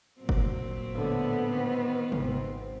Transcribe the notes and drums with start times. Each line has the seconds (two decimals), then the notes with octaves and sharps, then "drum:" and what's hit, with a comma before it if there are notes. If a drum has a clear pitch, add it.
0.20 A#2 F#3 C4
0.29 drum: kick F#1
0.93 A2 D3 B3
1.50 D#3 C4 F4
2.12 G#1 C4, drum: tom C3